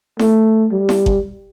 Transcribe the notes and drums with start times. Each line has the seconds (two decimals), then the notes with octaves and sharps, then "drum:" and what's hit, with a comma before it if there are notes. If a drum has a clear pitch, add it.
0.19 A3, drum: snare E4
0.72 G3
0.89 drum: snare E4
1.06 drum: kick G1